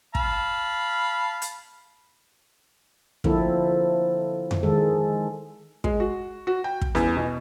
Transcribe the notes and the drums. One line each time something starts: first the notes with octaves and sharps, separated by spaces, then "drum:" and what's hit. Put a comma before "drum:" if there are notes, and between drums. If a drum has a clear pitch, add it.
F5 A5 B5, drum: kick
drum: hi-hat
D3 F3 A#3 C4 E4 A4, drum: kick
drum: tom F2
D#3 G#3 A4
G#3, drum: kick
F#4
F#4
G5
drum: kick
E2, drum: snare C#4
B2